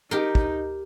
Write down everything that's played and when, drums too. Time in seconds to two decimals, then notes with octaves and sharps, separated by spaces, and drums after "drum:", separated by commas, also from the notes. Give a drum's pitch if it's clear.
0.11 D#4 G4 A#4
0.35 drum: kick